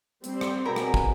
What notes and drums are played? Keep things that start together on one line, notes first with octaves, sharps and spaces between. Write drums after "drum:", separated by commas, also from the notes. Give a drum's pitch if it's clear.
G3 C4, drum: hi-hat
drum: rim click
B2 G#4 A#4 A#5 B5
drum: rim click
drum: kick